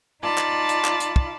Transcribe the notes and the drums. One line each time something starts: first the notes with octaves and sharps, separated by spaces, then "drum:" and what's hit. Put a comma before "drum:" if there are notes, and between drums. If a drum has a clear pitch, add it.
D#4 F4 D5 A5 B5
drum: clap
drum: hi-hat
drum: clap
drum: hi-hat
drum: kick